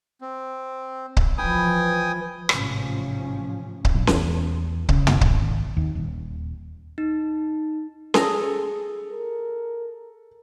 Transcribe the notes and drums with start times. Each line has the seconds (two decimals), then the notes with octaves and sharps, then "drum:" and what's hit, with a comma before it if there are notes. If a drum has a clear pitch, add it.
0.21 C4
1.17 drum: kick C#1
1.38 E3 F3 B4 G5 G#5 D#6
2.49 A1 G#2 C3 F3 C#4, drum: rim click
3.85 drum: kick C#1
3.94 A#1
4.07 E2, drum: snare C#4
4.89 C#3, drum: kick C#1
5.07 drum: tom
5.21 G#1, drum: kick C#1
5.77 D#2
5.95 D#1
6.98 D#4
8.14 G#4 A4 A#5, drum: snare C#4
9.12 A#4